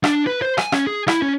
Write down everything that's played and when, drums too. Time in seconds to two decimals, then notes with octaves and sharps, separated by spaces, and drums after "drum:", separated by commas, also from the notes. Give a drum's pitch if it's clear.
0.04 D4, drum: rim click
0.27 B4
0.42 C5
0.58 G#5, drum: rim click
0.72 C#4, drum: rim click
0.87 G#4
1.08 E4, drum: rim click
1.22 C#4